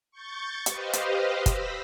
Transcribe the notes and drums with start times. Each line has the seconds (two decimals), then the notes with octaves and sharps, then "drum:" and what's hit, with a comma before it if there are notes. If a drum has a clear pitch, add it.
0.11 C#6 G6 A6
0.66 G4 B4 C5 D#5 F5, drum: hi-hat
0.93 drum: hi-hat
1.46 B5 E6 A#6 B6, drum: kick, hi-hat